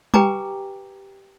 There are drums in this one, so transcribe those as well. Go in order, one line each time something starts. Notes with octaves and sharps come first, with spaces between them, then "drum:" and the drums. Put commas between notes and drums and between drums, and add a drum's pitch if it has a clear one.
G4 B4 G5 G#5 A#5 D6, drum: tom G3